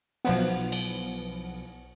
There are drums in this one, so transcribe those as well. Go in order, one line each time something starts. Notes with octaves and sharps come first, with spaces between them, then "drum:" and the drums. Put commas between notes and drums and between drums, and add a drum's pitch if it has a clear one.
B1 F3 B3, drum: open hi-hat
drum: cymbal